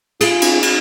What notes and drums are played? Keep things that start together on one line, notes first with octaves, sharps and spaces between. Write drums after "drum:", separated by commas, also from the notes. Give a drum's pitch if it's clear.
F4 G#4, drum: cymbal
drum: cymbal
drum: cymbal